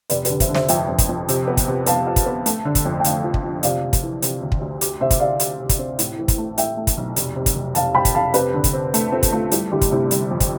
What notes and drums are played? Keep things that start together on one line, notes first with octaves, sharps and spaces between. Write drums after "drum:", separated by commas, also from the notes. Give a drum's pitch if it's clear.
F1 B4 D5, drum: hi-hat
G4 B4, drum: hi-hat
D3
C5 E5, drum: kick, hi-hat
D3
C5 E5, drum: snare
F2 E5 G5, drum: hi-hat
F2
drum: kick, hi-hat
F2
C3, drum: hi-hat
B3
drum: kick, hi-hat
C3
B3 F5 A5, drum: hi-hat
F4
drum: kick, hi-hat
B3
A3, drum: hi-hat
D3
drum: kick, hi-hat
F2
G5
D3 F5 A5, drum: hi-hat
F3
drum: kick
F3
C3 D5 F5, drum: hi-hat
C3
drum: kick, hi-hat
E3
C3, drum: hi-hat
D2
drum: kick
D2
G4, drum: hi-hat
C3 C5 E5
drum: kick, hi-hat
G4 D5 F5
G4, drum: hi-hat
C3
drum: kick, hi-hat
C4
A2, drum: hi-hat
E3
drum: kick, hi-hat
A3
A3 E5 G5, drum: hi-hat
A3
drum: kick, hi-hat
B1
F1, drum: hi-hat
C3
drum: kick, hi-hat
F1
F1 F5 A5, drum: hi-hat
C3 G5 B5
drum: kick, hi-hat
F1 F5 A5
C4 G4 B4, drum: hi-hat
D3
drum: kick, hi-hat
C4
A3, drum: hi-hat
C4 F4 A4
drum: kick, hi-hat
A3 F4
G3 E4 G4, drum: hi-hat
G1 E4 G4
drum: kick, hi-hat
C3 E4
G3, drum: hi-hat
F2
drum: kick, hi-hat